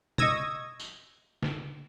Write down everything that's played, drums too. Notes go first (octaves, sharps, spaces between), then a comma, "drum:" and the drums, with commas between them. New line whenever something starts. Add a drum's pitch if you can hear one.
D#5 C#6 D#6 E6 G#6 A#6, drum: tom B2
drum: tambourine
drum: snare